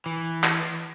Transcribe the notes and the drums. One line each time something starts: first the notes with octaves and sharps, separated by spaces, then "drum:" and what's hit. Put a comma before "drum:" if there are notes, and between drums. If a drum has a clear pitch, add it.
E3
drum: clap